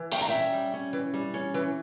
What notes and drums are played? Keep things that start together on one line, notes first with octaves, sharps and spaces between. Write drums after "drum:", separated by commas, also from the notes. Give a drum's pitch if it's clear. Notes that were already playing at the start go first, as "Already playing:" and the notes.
Already playing: E3
G3 G5, drum: open hi-hat
A#5
C#4 E5 G5
G3
C#4
E3
G3
C#4
E3